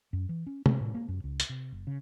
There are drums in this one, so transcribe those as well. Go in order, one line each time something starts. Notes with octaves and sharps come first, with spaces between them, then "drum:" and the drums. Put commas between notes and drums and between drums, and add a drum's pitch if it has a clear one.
F#2
E3
C#4
C4, drum: tom
A2
A#3
F#2
C#2
drum: hi-hat
C3
F#1
C#3